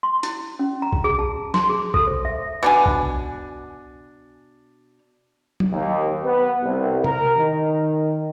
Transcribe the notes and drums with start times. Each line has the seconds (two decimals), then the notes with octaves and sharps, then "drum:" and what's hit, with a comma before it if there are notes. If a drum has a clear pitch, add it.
0.03 C6
0.23 E4, drum: hi-hat
0.59 C#4
0.82 A#5
0.93 drum: kick B1
1.04 G#4
1.19 A5
1.54 C6, drum: snare
1.70 G#4
1.94 A4, drum: kick B1
2.07 C5
2.25 E5
2.63 B2 D4 G#5
2.86 drum: kick B1
5.60 drum: tom
5.71 D#2
6.25 B3
6.63 C2
7.04 A#4, drum: tom
7.37 D#3